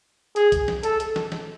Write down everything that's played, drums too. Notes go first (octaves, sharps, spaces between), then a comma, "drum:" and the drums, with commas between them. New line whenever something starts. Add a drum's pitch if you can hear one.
G#4, drum: hi-hat
drum: kick C2, hi-hat
drum: snare
A4, drum: hi-hat
drum: hi-hat
drum: snare
drum: snare